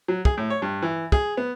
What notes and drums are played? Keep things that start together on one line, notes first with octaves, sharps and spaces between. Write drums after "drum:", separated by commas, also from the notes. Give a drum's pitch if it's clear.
F#3
G#4, drum: kick
A2
C#5
G2
E3
G#4, drum: kick
B3